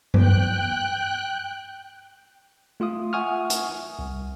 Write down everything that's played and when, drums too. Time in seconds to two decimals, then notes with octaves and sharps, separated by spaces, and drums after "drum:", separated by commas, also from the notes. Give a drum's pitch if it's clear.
0.14 G5 F#6, drum: tom G2
2.80 A3 F4 F5 D#6
3.13 E5 F#5 G#5 C#6 D#6 F6
3.50 drum: hi-hat
3.99 C2